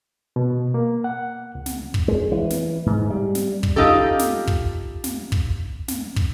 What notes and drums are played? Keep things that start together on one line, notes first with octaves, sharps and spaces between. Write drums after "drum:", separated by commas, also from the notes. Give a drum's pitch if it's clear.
B2
A#3
F#5
C#2
drum: snare
drum: kick
G#3
E3
drum: snare
G#2
G3
drum: snare
drum: kick
D#4 F4 G4 A4
drum: snare
drum: kick
drum: snare
drum: kick
drum: snare
drum: kick